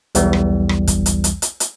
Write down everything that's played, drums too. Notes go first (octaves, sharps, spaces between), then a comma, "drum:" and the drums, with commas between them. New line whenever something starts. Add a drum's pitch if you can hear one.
B1 E2 E3 G3, drum: hi-hat
drum: rim click
drum: rim click
drum: kick, hi-hat
drum: hi-hat
drum: hi-hat
drum: hi-hat
drum: hi-hat